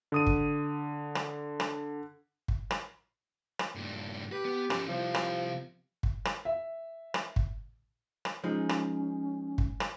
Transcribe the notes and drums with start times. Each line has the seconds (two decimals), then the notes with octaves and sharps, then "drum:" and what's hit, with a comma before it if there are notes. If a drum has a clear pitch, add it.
0.12 D3 D#6 D#7
0.27 drum: kick
1.15 drum: rim click
1.60 drum: rim click
2.48 drum: kick
2.71 drum: rim click
3.59 drum: rim click
3.75 G2 A#2
4.32 G4 B4
4.45 B3
4.70 F3 C#4, drum: rim click
4.88 C3 F3 G3
5.14 drum: rim click
6.03 drum: kick
6.25 drum: rim click
6.45 E5
7.14 drum: rim click
7.36 drum: kick
8.25 drum: rim click
8.44 F3 G#3 C#4 D#4
8.69 drum: rim click
9.58 drum: kick
9.80 drum: rim click